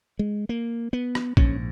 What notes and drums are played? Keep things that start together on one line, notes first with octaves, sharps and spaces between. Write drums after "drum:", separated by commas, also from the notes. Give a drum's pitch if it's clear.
G#3
A#3
B3
drum: rim click
A#1 G#2 C#4, drum: kick